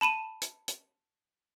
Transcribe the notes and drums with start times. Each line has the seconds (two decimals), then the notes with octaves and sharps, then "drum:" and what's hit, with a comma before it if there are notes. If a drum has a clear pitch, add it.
0.01 A5 B5 D#7 E7
0.42 drum: hi-hat
0.68 drum: hi-hat